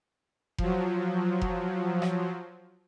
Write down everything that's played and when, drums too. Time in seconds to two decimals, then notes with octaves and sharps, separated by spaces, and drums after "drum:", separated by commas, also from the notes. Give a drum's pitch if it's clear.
0.58 F3 F#3, drum: kick F1
1.41 drum: kick F1
2.02 drum: rim click